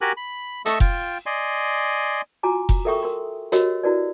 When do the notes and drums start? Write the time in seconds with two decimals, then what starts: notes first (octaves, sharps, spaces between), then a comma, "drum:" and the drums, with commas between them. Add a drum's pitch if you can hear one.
0.01 F#4 G4 A#4 G#5 F#6
0.17 B5
0.66 A3 A4 D#5 E5 C#6 E6, drum: hi-hat
0.80 F4 G5, drum: kick F1
1.26 D5 D#5 G#5 C6
2.43 F4 F#4 G#5 A#5 D6
2.69 drum: kick F1
2.85 A4 A#4 E5 G5 C#6 D#6
3.03 A#4 C6
3.52 F#4 G4 A#4 C#5 D#5, drum: hi-hat
3.83 E4 F#4 A#4 B4 D5